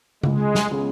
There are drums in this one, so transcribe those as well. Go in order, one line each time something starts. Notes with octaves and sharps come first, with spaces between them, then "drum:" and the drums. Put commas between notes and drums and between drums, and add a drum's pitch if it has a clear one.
C#2 G#3, drum: tom C#3
drum: snare
C#3 G#3 B3